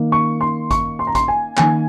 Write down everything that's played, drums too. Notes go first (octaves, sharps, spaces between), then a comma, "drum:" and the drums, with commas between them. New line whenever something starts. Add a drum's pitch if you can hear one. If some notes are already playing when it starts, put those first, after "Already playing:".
Already playing: D#3 A#3
C#6
C6
C#6, drum: kick G#1, hi-hat
C6
A#5
C6, drum: kick G#1, hi-hat
G#5
D#3 A#3 G#5, drum: clap